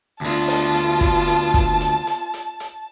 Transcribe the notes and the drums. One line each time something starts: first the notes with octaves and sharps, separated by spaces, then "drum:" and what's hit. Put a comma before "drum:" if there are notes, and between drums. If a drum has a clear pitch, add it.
D2 B3 D4 F4 A5
drum: open hi-hat
drum: hi-hat
drum: kick, hi-hat
drum: hi-hat
drum: kick, hi-hat
drum: hi-hat
drum: hi-hat
drum: hi-hat
drum: hi-hat